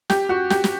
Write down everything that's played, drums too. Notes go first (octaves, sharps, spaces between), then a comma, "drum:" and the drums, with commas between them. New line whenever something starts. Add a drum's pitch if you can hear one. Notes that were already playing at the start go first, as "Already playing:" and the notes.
G4, drum: snare
F#4
G4, drum: snare
drum: snare